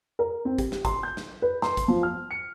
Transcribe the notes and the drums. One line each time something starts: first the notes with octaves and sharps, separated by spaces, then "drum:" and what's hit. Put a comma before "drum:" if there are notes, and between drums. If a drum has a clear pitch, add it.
A#4
C4
G4, drum: kick, hi-hat
drum: snare
C6, drum: kick, hi-hat
G6
drum: snare
B4
C6, drum: snare
drum: kick, hi-hat
F3
F6
C#7